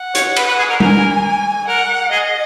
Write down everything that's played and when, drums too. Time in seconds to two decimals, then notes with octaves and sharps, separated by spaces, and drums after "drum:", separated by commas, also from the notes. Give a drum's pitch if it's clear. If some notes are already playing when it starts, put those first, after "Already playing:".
Already playing: F#5
0.15 C#5, drum: hi-hat
0.36 B4, drum: cymbal
0.48 B4
0.59 G#4
0.69 A#4
0.80 A#4 G#5, drum: tom G3
1.68 A#4 F#5
2.12 G#4 D#5